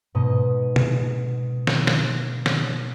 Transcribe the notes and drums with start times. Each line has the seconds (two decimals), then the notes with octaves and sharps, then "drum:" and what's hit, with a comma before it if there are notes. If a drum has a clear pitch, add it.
0.15 G#2 B2 D#5
0.76 drum: tom
1.67 drum: snare
1.87 drum: snare
2.46 drum: snare